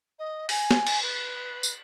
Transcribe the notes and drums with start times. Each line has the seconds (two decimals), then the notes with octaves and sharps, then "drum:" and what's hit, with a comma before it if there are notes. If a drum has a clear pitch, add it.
0.18 D#5
0.49 G#5, drum: open hi-hat
0.71 drum: snare
0.87 drum: cymbal
1.02 B4
1.63 drum: tambourine